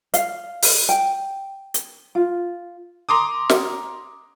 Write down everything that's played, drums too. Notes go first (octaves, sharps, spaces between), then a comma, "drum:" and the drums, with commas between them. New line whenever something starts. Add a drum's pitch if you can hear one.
F5, drum: hi-hat
drum: open hi-hat
G5
drum: hi-hat
F4
A#5 C6 D6 D#6
drum: snare